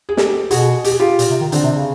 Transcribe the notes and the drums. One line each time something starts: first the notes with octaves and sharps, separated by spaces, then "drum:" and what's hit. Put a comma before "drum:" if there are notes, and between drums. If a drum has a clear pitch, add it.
G#4
G4 A4, drum: snare
B2 F#4 G#4, drum: hi-hat
G4, drum: hi-hat
G#4
F4 G4
A#2, drum: hi-hat
C3
D#3
D3 C4 D4, drum: hi-hat
C3
C#3